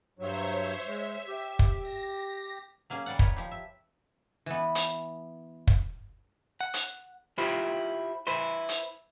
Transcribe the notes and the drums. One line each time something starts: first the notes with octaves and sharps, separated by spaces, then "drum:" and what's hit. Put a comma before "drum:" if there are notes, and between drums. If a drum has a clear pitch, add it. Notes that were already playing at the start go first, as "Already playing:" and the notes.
G2 F#3 C5 C#5 E5
G#3 E5
G4
drum: kick
A#6
F#3 A#3 C#4 G#4
G3 D5 F#5
A#4 B4 C#5 D#5, drum: kick
F3 G4
E5
E3 B3
drum: hi-hat
drum: kick
F#5
drum: hi-hat
E4 F4 G4 C5
E4 B4 C5
drum: hi-hat